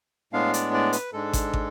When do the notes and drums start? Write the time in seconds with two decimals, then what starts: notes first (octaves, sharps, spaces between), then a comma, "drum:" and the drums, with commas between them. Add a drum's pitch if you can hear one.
0.33 A2 G#3 B3 D4 F5
0.54 D5, drum: hi-hat
0.74 D5
0.93 B4, drum: hi-hat
1.13 G#2 G#3 D4 A4
1.33 drum: kick, hi-hat
1.53 drum: kick